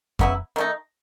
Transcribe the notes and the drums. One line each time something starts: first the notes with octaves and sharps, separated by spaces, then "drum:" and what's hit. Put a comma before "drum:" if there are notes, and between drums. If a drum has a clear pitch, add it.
C#3 F#3 B3 E4, drum: kick F2
D#3 A3 D#4